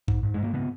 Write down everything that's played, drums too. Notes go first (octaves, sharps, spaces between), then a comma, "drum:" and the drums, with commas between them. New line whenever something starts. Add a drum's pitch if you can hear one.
G#2, drum: kick A#1
G#2
G#2 G#3
A#3
C#3 B3